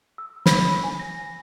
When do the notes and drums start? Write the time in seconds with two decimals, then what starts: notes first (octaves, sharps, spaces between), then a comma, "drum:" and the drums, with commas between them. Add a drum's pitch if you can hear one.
0.18 E6
0.46 B5, drum: snare
0.84 G#5
0.99 A#6